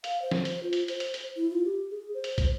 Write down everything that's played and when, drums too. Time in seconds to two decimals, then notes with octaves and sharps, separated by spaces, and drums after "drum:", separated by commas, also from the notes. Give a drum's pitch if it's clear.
0.04 F5, drum: hi-hat
0.22 C5
0.31 drum: snare
0.45 drum: hi-hat
0.63 F4
0.73 drum: hi-hat
0.88 C5, drum: hi-hat
1.00 drum: hi-hat
1.14 drum: hi-hat
1.36 E4
1.51 F4
1.65 G4
1.91 G#4
2.14 C5
2.24 drum: hi-hat
2.38 drum: kick, hi-hat